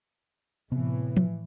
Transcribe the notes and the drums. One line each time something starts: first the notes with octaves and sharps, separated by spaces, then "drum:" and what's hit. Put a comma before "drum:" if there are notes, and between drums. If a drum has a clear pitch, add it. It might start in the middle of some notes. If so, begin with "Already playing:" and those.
A2 C3 E3 B3
drum: tom F3